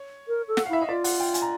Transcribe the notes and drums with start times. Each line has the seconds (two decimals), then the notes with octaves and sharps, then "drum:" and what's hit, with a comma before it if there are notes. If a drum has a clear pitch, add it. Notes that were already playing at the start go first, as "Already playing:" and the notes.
Already playing: C#5
0.28 A#4
0.48 A4
0.57 F#5, drum: snare
0.66 F5
0.69 E4 E5
0.82 D#5
0.89 F4 D5
1.04 F#5, drum: open hi-hat
1.20 G5
1.34 G#5, drum: hi-hat
1.42 A#5